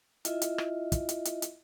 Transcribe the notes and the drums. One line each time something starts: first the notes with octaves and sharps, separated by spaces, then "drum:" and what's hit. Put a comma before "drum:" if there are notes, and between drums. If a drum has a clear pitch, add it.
E4 F4 D#5 E5, drum: hi-hat
drum: hi-hat
drum: rim click
drum: kick, hi-hat
drum: hi-hat
drum: hi-hat
drum: hi-hat